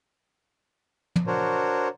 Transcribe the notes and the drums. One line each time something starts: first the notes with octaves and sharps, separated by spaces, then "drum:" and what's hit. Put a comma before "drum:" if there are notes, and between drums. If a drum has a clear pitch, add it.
drum: tom
D4 F#4 A#4 C5 C#5